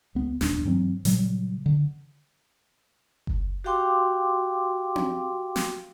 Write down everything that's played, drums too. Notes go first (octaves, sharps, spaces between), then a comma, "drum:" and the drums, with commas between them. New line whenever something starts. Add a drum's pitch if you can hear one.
C#2 B3
D#1 E2 D4, drum: snare
G2 E3 F#3 C4
A#2 C#3 F#3 G3, drum: hi-hat
D3
drum: kick F#1
F#4 G4 F5 G5 C6 D6
drum: tom C4
drum: snare